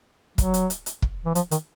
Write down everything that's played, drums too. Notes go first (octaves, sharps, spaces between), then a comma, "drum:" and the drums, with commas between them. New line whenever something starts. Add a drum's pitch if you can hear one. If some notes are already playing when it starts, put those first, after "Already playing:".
F#3, drum: kick, hi-hat
drum: hi-hat
drum: hi-hat
drum: hi-hat
drum: kick
E3
F3, drum: hi-hat
D#3, drum: hi-hat